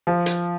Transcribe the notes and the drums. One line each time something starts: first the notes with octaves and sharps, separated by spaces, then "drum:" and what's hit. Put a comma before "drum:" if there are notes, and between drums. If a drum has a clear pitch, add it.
F3
drum: hi-hat